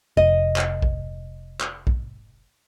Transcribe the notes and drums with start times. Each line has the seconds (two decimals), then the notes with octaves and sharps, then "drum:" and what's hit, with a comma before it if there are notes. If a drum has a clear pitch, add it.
0.17 F1 D#5
0.56 drum: clap
0.82 drum: kick A#1
1.61 drum: clap
1.87 drum: kick A#1